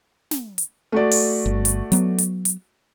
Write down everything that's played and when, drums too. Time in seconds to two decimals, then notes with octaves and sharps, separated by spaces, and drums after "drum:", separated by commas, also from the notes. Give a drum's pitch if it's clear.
0.31 drum: snare
0.58 drum: hi-hat
0.92 A3 F#4 D5
1.11 drum: open hi-hat
1.46 G1
1.65 drum: hi-hat
1.92 F#3 B3, drum: hi-hat
2.18 drum: hi-hat
2.45 drum: hi-hat